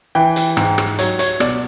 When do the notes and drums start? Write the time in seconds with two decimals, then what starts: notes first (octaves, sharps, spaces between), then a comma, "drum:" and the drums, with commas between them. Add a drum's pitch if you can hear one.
0.15 E3 G5
0.36 drum: hi-hat
0.57 G#2, drum: rim click
0.78 drum: rim click
0.99 F#3 C#5, drum: hi-hat
1.19 C#5, drum: hi-hat
1.40 B2 D5, drum: rim click